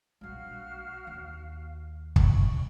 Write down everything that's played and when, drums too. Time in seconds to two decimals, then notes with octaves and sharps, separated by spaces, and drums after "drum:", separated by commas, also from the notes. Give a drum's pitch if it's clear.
0.21 A#1 G3 F#4 F5 F6
1.07 D#2
2.16 C#6, drum: kick